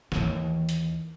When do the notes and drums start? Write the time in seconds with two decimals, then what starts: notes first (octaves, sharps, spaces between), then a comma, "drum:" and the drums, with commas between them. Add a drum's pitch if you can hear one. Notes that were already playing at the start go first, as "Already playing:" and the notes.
0.12 D#2 E3, drum: snare
0.69 drum: hi-hat